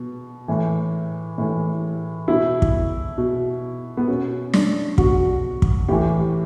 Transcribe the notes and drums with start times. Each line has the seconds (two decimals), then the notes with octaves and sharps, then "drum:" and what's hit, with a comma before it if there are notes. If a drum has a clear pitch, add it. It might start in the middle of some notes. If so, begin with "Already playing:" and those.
Already playing: B2
0.48 A2 E3
1.38 A2 E3
2.28 B2 E4
2.62 drum: kick
3.18 B2
3.97 B3
4.08 B2 C#4
4.54 D4, drum: snare
4.98 B2 F#4, drum: kick
5.62 drum: kick
5.88 A2 E3 G4